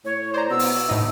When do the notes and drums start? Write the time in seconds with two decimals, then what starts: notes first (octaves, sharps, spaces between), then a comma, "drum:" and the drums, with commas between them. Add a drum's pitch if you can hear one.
0.05 A2 C#5
0.34 C5 D5 A#5
0.50 B2 E6
0.59 drum: open hi-hat
0.89 A2 D#4